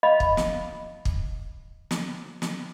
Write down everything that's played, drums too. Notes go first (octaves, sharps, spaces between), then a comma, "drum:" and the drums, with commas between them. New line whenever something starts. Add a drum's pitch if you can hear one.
D#5 F5 B5
drum: kick
drum: snare
drum: kick
drum: snare
drum: snare